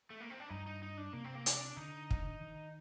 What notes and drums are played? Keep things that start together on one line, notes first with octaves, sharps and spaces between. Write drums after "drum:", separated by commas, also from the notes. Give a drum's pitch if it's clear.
A3
A#3
C4
D4
G2 D#4
D#4
D#4
D4
C3 A#3
C4
A#3
D4, drum: hi-hat
D3 D#4
drum: kick
D#3